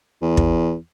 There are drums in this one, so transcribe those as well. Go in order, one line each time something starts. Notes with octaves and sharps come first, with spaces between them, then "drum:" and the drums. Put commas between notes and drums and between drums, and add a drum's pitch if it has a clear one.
E2
drum: kick